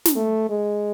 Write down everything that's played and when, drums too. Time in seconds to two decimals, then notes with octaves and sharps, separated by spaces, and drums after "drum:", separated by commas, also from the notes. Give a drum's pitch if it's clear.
0.05 drum: snare
0.16 A3
0.50 G#3